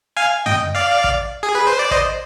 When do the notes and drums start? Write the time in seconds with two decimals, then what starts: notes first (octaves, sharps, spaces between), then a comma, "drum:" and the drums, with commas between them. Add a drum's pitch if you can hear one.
0.17 F5 G#5
0.46 D#5 G5, drum: tom F#2
0.75 D5 F5
1.04 drum: kick
1.43 G#4
1.55 B4
1.67 C5
1.79 D5
1.91 C5 D#5, drum: kick